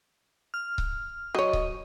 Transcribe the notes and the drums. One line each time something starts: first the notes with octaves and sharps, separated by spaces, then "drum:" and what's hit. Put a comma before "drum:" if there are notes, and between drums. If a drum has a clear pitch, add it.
F6
drum: kick C#1
F#3 C#5 D#5
drum: kick C#1